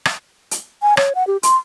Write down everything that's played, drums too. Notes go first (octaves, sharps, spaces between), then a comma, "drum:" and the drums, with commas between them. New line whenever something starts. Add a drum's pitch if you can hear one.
drum: rim click
drum: hi-hat
G#5
C#5, drum: rim click
F#5
G4
C6, drum: hi-hat